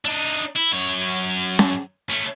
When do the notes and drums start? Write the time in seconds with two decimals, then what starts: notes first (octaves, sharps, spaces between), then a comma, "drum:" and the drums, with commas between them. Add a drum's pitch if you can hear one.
0.05 D4 D#4
0.56 E4
0.73 F#2 C#5
1.59 drum: snare C#4
2.10 A3 C#4